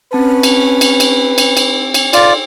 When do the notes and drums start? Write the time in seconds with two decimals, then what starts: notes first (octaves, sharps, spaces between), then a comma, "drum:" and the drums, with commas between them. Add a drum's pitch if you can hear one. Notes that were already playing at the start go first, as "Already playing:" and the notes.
0.13 C4 C#4 B4 A5
0.43 drum: cymbal
0.81 drum: cymbal
1.00 drum: cymbal
1.38 drum: cymbal
1.57 drum: cymbal
1.94 drum: cymbal
2.13 F4 A4 D5, drum: cymbal